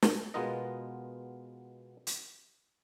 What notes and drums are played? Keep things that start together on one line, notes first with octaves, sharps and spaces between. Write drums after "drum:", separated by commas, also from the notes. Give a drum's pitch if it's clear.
drum: snare
B2 G#3 B3 F4 A#4 D#5
drum: hi-hat